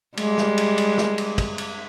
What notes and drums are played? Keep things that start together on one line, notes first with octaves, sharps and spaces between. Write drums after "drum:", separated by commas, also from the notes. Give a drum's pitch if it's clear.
G3 G#3, drum: cymbal
drum: snare
drum: cymbal
drum: cymbal
drum: snare
drum: cymbal
drum: kick, cymbal
drum: cymbal